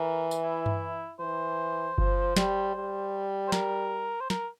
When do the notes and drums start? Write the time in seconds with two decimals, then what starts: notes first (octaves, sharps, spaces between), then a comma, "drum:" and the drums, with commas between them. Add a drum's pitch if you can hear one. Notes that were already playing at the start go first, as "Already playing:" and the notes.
Already playing: E3 A#4
0.31 drum: tambourine
0.43 E4
0.66 drum: tom G2
1.20 E3 C5
1.98 F3, drum: kick G1
2.36 G3, drum: snare
2.75 G3
3.48 C5
3.52 A#4, drum: snare
4.20 C5
4.30 A#4, drum: snare